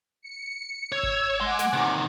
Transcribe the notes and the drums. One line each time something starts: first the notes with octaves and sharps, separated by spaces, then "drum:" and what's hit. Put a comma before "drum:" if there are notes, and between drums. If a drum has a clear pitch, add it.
C#7
C#5 E6 G#6
drum: kick G#1
G#3 F#5 G#5 C6 D6
drum: snare
C3 D#3